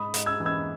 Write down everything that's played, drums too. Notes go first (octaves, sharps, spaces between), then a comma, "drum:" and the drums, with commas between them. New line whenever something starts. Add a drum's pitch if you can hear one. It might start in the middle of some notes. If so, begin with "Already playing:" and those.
Already playing: G#2 B5 D#6
G#2, drum: hi-hat
E6 G#6
E3
E6 G#6